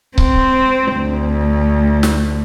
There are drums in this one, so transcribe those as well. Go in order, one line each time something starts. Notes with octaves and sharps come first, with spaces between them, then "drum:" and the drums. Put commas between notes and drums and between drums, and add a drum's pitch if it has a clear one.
C4, drum: kick C#1
D2
drum: snare